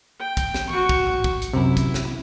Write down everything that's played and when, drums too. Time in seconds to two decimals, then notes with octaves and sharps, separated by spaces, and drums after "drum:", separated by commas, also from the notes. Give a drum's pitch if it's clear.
0.20 G5
0.37 drum: kick, hi-hat
0.54 drum: snare
0.69 F#4 C#6, drum: tom E3
0.89 drum: kick
1.07 drum: tom G#2
1.24 drum: kick
1.42 drum: hi-hat
1.53 F#2 C3 E4
1.77 drum: kick, hi-hat
1.94 drum: snare